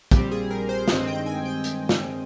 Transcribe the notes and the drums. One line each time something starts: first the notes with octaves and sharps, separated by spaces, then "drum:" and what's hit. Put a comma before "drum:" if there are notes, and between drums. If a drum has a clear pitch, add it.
A#1 A#2 G3 C4 G4, drum: kick, hi-hat
G#4
A#4
C5
G2 D#3 G#3 C4 D#5, drum: snare
G5
G#5
G5
drum: hi-hat
drum: snare